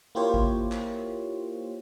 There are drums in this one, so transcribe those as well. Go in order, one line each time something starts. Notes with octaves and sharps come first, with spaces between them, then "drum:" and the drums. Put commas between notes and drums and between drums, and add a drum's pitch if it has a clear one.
A#3 E4 F4 G4 C5 C#5
drum: kick G#1
drum: clap